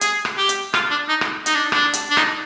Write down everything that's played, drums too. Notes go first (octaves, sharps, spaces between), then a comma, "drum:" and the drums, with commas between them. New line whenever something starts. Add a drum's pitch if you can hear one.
G#4, drum: hi-hat
drum: rim click
G4
drum: hi-hat
F4, drum: rim click
D4
D#4
drum: rim click
D#4, drum: hi-hat
D4
D4, drum: rim click
drum: hi-hat
D4
D#4, drum: rim click